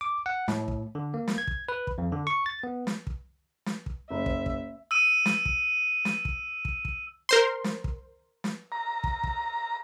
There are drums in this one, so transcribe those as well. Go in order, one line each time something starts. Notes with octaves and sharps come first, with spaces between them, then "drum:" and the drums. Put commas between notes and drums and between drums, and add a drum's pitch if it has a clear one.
D6
F#5
A2, drum: snare
drum: kick
D3
A#3
drum: snare
G#6
drum: kick
B4
drum: kick
F2
D3
C#6
A6
B3
drum: snare
drum: kick
drum: snare
drum: kick
F#1 C5 E5
drum: kick
drum: kick
E6 D#7
drum: snare
drum: kick
drum: snare
drum: kick
drum: kick
drum: kick
A#4 C5 C6
drum: snare
drum: kick
drum: snare
A#5
drum: kick
drum: kick